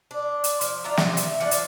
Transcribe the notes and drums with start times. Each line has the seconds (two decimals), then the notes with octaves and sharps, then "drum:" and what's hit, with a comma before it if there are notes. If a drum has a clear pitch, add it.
0.11 D4
0.44 drum: hi-hat
0.61 F3, drum: hi-hat
0.84 D4 F4 E5 A#5
0.97 C3, drum: snare
1.17 E5, drum: hi-hat
1.41 F3 D4 F#5 A5
1.51 drum: hi-hat